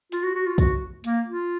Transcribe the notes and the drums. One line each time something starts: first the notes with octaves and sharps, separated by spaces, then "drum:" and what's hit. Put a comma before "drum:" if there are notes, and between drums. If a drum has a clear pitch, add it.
F4, drum: hi-hat
F#4
F#4
F4
F#4, drum: kick, hi-hat
A#3, drum: hi-hat
F4